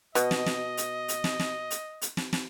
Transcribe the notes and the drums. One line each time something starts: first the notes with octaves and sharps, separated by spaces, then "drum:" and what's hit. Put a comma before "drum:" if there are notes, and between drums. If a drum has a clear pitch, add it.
B2 D#5, drum: hi-hat
drum: snare
drum: snare
drum: hi-hat
drum: hi-hat
drum: snare
drum: snare
drum: hi-hat
drum: hi-hat
drum: snare
drum: snare